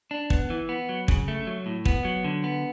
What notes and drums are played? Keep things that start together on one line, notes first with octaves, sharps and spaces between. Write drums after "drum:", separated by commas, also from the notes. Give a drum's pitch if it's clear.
D4
B3, drum: kick
E3
B3
F#3
C#3, drum: kick
A3
F#3
A2
B3, drum: kick
F#3
D3
B3